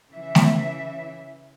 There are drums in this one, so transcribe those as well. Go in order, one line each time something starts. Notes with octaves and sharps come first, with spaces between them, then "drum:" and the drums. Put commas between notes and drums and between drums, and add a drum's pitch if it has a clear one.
C#3 E3 E5
drum: snare A3